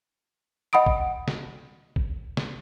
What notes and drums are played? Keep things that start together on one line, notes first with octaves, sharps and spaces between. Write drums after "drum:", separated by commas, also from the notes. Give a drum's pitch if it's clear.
D#5 F#5 B5 D#6 D7
drum: kick G#1
drum: snare
drum: kick G#1
drum: snare